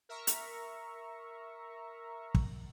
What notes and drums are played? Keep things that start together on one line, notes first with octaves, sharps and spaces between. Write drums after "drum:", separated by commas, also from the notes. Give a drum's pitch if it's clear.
A#4 E5 A#5 C#6
drum: hi-hat
drum: kick